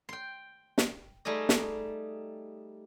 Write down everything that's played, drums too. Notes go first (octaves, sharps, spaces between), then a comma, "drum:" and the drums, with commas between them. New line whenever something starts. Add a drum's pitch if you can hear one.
G5 C6
drum: snare
G3 A3 D#4 G#4 D#5
drum: snare